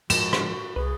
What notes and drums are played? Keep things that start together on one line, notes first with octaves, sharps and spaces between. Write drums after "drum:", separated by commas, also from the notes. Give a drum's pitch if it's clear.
G#2 F3 G#3 F#4 E7, drum: cymbal
drum: rim click
C2 G#4 B4